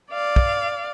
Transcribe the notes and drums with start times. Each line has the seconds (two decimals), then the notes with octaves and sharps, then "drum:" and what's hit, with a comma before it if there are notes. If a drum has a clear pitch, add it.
0.12 D5 F5
0.36 drum: kick